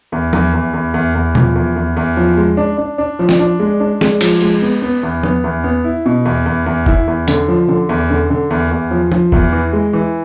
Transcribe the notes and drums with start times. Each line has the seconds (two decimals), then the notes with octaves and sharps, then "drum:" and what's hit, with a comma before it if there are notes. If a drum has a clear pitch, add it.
0.12 E2
0.33 E2, drum: tom F3
0.53 E2
0.74 E2
0.94 E2
1.15 E2
1.35 F3, drum: tom B2
1.55 E2
1.76 E2
1.96 E2
2.17 F3
2.37 G#3
2.57 D4
2.78 D4
2.98 D4
3.19 F3
3.29 drum: snare
3.39 D4
3.59 G#3
3.80 D4
4.01 G#3, drum: snare
4.21 F3, drum: cymbal
4.42 G#3
4.62 B3
4.82 B3
5.03 E2
5.23 B3, drum: tom F3
5.44 E2
5.64 B3
5.84 E4
6.06 B2
6.25 E2
6.46 E2
6.66 E2
6.86 E4, drum: kick
7.07 E2
7.28 D3, drum: hi-hat
7.48 F3
7.68 D3
7.89 E2
8.10 D3
8.30 D3
8.50 E2
8.71 E2
8.91 F3
9.12 F3, drum: tom F3
9.32 E2, drum: kick
9.52 E3
9.73 G#3
9.93 E3